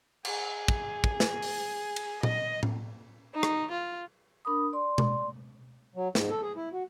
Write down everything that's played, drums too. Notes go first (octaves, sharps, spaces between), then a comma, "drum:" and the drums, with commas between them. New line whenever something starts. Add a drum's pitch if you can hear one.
G#4, drum: cymbal
drum: kick
drum: kick
drum: snare
drum: open hi-hat
drum: cymbal
D#5, drum: tom A#2
drum: tom A2
D#4
drum: rim click
F4
D4 A#4 B5 D#6
D5 C6
drum: tom B2
F#3
G#2, drum: snare
A4
G#4
E4
F#4